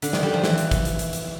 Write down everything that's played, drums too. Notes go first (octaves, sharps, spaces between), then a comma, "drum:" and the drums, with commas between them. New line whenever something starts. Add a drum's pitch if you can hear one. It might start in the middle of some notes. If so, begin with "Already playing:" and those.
D3, drum: hi-hat
D#3, drum: snare
G3
F3
E3, drum: snare
drum: hi-hat
drum: kick, hi-hat
drum: hi-hat
drum: hi-hat
drum: hi-hat